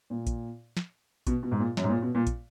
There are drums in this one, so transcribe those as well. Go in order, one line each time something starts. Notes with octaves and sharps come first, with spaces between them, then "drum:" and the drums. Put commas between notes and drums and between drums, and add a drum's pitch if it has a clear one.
A#2
drum: kick, hi-hat
drum: snare
B2, drum: kick, hi-hat
B2
G#2
A#2
F#2, drum: snare
G#2
A#2
B2
A#2
drum: kick, hi-hat